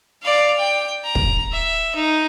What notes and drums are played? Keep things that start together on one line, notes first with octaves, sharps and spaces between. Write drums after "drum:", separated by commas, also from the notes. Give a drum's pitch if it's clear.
D5 F5
G5
A#5
drum: kick
E5
D#4